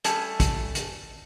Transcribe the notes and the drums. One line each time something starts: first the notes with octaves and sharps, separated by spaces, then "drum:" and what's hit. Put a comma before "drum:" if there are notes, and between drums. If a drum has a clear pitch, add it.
G3 A3 C#4 A4 G#5 A5, drum: hi-hat
drum: kick, hi-hat
drum: hi-hat